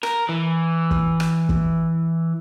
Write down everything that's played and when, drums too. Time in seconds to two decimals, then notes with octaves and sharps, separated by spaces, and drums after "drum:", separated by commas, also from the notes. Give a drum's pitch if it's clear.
0.03 A#4, drum: rim click
0.29 E3
0.91 drum: kick
1.20 drum: rim click
1.49 drum: kick